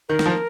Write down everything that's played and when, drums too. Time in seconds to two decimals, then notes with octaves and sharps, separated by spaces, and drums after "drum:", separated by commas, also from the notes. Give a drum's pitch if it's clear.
0.09 D#3 A#4
0.19 D#3, drum: snare
0.26 F3